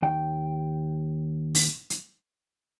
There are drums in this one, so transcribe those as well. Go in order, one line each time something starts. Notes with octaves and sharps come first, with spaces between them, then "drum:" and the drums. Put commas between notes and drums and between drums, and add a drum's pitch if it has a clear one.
D#2 G5
drum: open hi-hat
drum: hi-hat